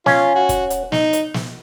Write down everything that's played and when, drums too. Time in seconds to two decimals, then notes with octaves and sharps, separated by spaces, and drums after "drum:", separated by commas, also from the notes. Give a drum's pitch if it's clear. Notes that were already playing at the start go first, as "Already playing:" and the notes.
0.06 C#4 F4, drum: snare
0.35 F#4
0.49 drum: kick, hi-hat
0.70 drum: hi-hat
0.92 D#4, drum: snare
1.13 drum: hi-hat
1.34 drum: snare